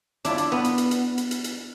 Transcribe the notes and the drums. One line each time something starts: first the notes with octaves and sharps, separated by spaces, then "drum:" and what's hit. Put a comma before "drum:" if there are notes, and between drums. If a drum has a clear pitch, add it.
D4 E4 F4, drum: hi-hat
drum: hi-hat
B3
drum: hi-hat
drum: hi-hat
drum: hi-hat
drum: hi-hat
drum: hi-hat
drum: hi-hat